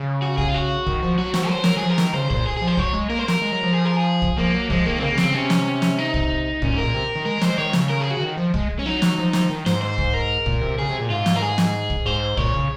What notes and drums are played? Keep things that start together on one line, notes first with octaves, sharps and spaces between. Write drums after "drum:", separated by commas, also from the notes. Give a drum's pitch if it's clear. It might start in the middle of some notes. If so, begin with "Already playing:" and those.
Already playing: C#3
F#4
G#4, drum: kick
F4
F#4
D#3, drum: kick
F3
F#3 F#4
F3 F#4, drum: snare
F#3 C5
F#3 A#4, drum: snare
G#4
F3
A#4
D#3, drum: snare
C#3 C5
A#2 C5, drum: kick
G#4
F3 G#4
C5
F#3 C#5, drum: kick
G#3
A#3 A#4
C5
A#4, drum: snare
G#3
F#3
F3
G#4
A#4
G#4
drum: kick
F3 A#3
F#3
F3 G#3, drum: kick
D#3 A#3
C4
C#3 A#3
C#3
C4, drum: snare
C#3
C3 C#4
drum: snare
drum: snare
D#4
drum: kick
A#2 C#4, drum: kick
G#2
A#4
A#2
C3
D#3
G#3 A#4
G#3 C5, drum: snare
D#3 C#5
C#3, drum: snare
A#4
G#4
F#4
C#3
D#3
F3
G#3, drum: kick
C#4
F#3 D#4
drum: snare
F3
F3, drum: snare
D#3
G#2 C5, drum: snare
C5
drum: kick
A#4
A#2, drum: kick
C3
C#3 G#4
C3
A#2
G#2 F4
drum: snare
A#4
G#4
drum: snare
drum: kick
G#2 C5
A#2 C#5, drum: kick
C#3